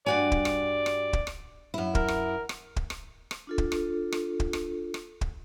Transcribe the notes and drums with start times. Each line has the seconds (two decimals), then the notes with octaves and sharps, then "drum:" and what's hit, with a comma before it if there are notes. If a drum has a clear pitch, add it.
0.06 G2 F#4 D5 G#5
0.32 drum: kick
0.45 drum: rim click
0.86 drum: rim click
1.13 drum: kick
1.27 drum: rim click
1.74 F#2 E4
1.95 A#4, drum: kick
2.08 drum: rim click
2.49 drum: rim click
2.76 drum: kick
2.90 drum: rim click
3.31 drum: rim click
3.47 D4 F4 A4
3.58 drum: kick
3.72 drum: rim click
4.12 drum: rim click
4.40 drum: kick
4.53 drum: rim click
4.94 drum: rim click
5.21 drum: kick